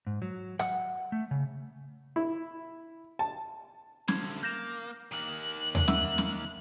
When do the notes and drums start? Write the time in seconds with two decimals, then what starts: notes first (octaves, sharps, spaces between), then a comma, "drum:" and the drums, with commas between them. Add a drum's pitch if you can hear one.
0.07 G#2
0.22 F#3
0.59 F#5, drum: rim click
1.12 A3
1.31 C#3
2.16 E4
3.19 A5
4.08 D3 C5 G#6, drum: snare
4.43 A#3 G6 A#6 E7
5.12 D#3 A#3 F#6
5.75 drum: tom D#2
5.88 E5 F#5 E6, drum: snare
6.18 drum: snare